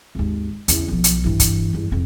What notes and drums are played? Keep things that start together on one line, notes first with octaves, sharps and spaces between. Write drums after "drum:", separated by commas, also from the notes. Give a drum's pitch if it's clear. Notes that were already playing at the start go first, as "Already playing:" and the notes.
G#1 D#2
E2 C#3, drum: hi-hat
B1 F3
drum: hi-hat
G2 E3
drum: kick, hi-hat
E2 G2
F2 C3